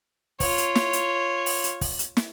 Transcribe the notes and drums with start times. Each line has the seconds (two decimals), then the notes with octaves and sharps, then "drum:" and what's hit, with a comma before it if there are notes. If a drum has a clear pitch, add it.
0.40 F4 C#5, drum: kick, open hi-hat
0.58 drum: hi-hat
0.75 drum: snare
0.93 drum: hi-hat
1.46 drum: open hi-hat
1.64 drum: hi-hat
1.81 drum: kick, open hi-hat
1.99 drum: hi-hat
2.17 drum: snare